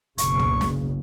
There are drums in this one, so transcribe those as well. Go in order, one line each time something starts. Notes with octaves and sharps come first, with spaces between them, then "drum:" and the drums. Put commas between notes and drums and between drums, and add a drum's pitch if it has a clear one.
F#1 B1 C#3 C#6, drum: hi-hat
drum: tom
drum: snare